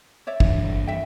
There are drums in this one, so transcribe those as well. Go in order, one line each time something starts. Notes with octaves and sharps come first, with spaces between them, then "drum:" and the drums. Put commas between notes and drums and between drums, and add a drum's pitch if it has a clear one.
C#5 D5 E5
G2 E3 D4, drum: kick
E5 G5